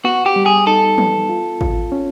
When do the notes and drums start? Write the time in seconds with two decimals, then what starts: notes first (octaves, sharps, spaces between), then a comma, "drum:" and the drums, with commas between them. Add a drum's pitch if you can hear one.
0.04 B3 F#4
0.26 G4
0.36 G3
0.46 G#4
0.67 D#4 A4
0.98 B3, drum: tom
1.29 F4
1.61 F4, drum: kick G#1
1.92 C#4